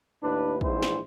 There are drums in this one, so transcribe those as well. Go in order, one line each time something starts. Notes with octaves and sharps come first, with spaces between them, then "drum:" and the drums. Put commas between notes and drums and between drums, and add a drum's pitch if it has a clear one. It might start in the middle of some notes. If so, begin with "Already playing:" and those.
D#2 A2 D4 B4
A#1 G#2 E3 E4 C5, drum: kick
drum: snare